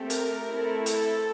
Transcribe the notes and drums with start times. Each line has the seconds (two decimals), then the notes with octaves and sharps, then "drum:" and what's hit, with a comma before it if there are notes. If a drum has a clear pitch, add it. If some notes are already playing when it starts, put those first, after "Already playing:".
Already playing: A3 C4 G4
0.10 A#4, drum: hi-hat
0.48 A3 C4 E4 A4
0.86 A4, drum: hi-hat